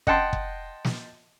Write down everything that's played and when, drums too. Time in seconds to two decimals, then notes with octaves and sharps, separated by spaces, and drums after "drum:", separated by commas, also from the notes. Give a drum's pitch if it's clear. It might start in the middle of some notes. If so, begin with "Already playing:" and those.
0.07 D#5 F#5 G5 A5 C6, drum: kick
0.33 drum: kick
0.85 drum: snare